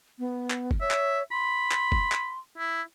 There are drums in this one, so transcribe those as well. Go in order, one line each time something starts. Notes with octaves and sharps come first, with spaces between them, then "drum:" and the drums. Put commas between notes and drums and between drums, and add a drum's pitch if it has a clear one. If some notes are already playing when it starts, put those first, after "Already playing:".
B3
drum: clap
drum: kick
C#5 E5
drum: clap
B5 C6
drum: clap
drum: kick
drum: clap
E4